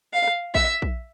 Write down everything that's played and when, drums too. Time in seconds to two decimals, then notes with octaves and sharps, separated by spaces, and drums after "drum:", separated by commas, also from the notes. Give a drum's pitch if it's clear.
0.13 F5
0.27 drum: rim click
0.55 E5, drum: kick A#1
0.82 drum: kick A#1